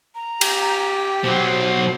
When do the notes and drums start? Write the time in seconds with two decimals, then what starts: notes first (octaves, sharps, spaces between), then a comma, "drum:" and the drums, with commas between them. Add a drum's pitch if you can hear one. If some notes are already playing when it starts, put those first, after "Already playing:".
0.15 A#5
0.41 G4, drum: cymbal
1.24 B2 F#3 C5